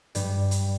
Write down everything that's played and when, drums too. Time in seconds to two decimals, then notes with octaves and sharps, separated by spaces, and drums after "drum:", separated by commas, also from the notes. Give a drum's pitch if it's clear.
0.15 G2 G3, drum: hi-hat
0.51 drum: hi-hat